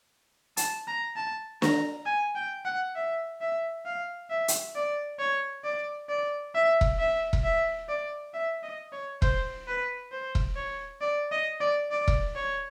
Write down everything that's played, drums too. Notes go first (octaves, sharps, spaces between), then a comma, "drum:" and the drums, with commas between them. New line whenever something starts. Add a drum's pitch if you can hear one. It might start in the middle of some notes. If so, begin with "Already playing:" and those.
A5, drum: hi-hat
A#5
A5
A#5, drum: snare
G#5
G5
F#5
E5
E5
F5
E5
drum: hi-hat
D5
C#5
D5
D5
E5
drum: kick E1
E5
drum: kick E1
E5
D5
E5
D#5
C#5
C5, drum: kick E1
B4
C5
drum: kick E1
C#5
D5
D#5
D5
D5
drum: kick E1
C#5